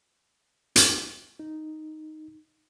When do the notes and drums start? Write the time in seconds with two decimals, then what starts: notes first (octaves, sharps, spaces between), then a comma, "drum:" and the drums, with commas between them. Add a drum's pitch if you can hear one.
0.76 drum: hi-hat
1.39 D#4